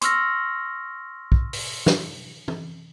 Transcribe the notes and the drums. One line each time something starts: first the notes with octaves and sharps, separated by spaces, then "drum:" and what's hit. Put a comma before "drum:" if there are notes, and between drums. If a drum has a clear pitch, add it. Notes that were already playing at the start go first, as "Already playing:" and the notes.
C6 C#6 E6 F6 A#6, drum: hi-hat
drum: kick
drum: open hi-hat
drum: snare
drum: tom